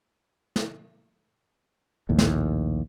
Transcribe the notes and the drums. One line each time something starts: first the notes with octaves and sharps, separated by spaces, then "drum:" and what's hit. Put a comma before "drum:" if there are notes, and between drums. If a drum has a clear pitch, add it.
drum: snare
A#1 D#2 A2
drum: snare